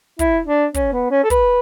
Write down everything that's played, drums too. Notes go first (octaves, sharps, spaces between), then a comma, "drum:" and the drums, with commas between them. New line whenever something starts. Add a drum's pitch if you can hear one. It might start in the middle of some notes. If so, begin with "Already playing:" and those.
E4, drum: kick, hi-hat
D4
C#4, drum: kick, hi-hat
B3
C#4
A4
B4, drum: kick, hi-hat